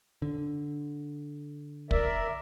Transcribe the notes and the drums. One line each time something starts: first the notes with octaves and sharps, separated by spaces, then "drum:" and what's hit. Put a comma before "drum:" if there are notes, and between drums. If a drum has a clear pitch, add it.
D3
A#4 D5 E5, drum: kick